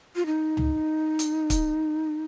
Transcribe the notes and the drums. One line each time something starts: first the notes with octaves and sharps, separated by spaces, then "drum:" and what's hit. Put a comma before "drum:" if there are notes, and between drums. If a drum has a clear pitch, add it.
F4
D#4
drum: tom C#2
drum: hi-hat
drum: kick, hi-hat